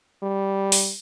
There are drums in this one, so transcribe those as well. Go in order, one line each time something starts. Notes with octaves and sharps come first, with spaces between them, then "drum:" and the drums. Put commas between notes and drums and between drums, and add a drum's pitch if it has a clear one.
G3
drum: open hi-hat